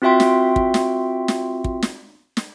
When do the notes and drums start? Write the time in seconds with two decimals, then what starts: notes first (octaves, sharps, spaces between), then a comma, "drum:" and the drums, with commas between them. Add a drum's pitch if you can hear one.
0.02 C4 F4 F#4 E5 G5 C6
0.20 drum: snare
0.56 drum: kick
0.74 drum: snare
1.28 drum: snare
1.64 drum: kick
1.82 drum: snare
2.37 drum: snare